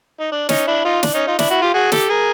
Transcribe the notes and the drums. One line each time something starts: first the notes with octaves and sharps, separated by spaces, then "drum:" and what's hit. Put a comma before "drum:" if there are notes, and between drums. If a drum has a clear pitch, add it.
D#4
D4
C#4 D#4, drum: snare
D4 E4
D#4 F4
D4, drum: snare
C#4 D#4
D#4 F4
D4 E4, drum: snare
E4 F#4
F4 G4
F#4 G#4
G4 A4, drum: snare
G#4 A#4